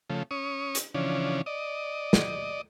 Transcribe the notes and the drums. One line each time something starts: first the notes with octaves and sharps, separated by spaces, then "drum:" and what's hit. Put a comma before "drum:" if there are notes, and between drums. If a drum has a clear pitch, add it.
C#3 F3 A3
C#4 C#6 D#6
drum: hi-hat
C#3 E3 F3 C#4 D4
D5 D#5
drum: snare